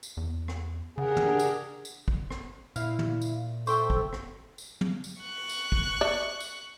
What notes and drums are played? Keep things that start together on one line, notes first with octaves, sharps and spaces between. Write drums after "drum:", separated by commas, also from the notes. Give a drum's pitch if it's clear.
drum: tambourine
E2
drum: rim click
C#3 D4 G4 G#4 A#4 F#5
drum: tom
drum: tambourine
drum: tambourine
drum: kick
drum: rim click
A#2 E4 F5, drum: tambourine
drum: tom
drum: tambourine
A4 C5 E5 G5 C#6, drum: tambourine
drum: kick
drum: rim click
drum: tambourine
drum: tom
drum: tambourine
C#6 F#6
drum: tambourine
drum: kick
D5 E5
drum: tambourine